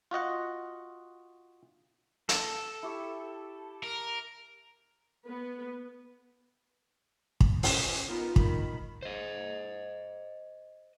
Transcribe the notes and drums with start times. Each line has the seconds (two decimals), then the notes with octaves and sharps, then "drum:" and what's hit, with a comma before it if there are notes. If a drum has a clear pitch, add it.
0.11 F4 F#4 D#5 F#5
2.29 A4, drum: hi-hat
2.83 E4 G4 C#6
3.83 A#4
5.27 B3 B4
7.41 drum: kick
7.63 C#4 C5, drum: open hi-hat
8.07 B3 D#4 F4 A#4
8.36 D#3 B5, drum: kick
9.03 C5 D#5